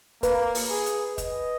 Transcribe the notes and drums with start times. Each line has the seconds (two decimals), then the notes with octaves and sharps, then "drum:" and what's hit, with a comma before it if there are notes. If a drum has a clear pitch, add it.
0.23 A#3 B4, drum: kick, hi-hat
0.55 drum: open hi-hat
0.70 G#4
0.86 drum: hi-hat
1.18 D#5, drum: kick, hi-hat